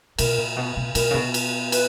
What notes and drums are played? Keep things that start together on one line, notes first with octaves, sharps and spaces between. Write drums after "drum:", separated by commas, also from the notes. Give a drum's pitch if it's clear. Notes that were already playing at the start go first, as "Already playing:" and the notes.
B2 A#4, drum: cymbal
A#2
B2
B2
B2 A#4, drum: cymbal
C#3
B2
drum: cymbal
B4, drum: cymbal